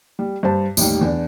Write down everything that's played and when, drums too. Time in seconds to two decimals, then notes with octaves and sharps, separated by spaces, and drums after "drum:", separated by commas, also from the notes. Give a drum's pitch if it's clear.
0.19 G3
0.43 G2 C5 A5
0.77 A1 D#2 D#3 G3, drum: tambourine
1.01 E2 D4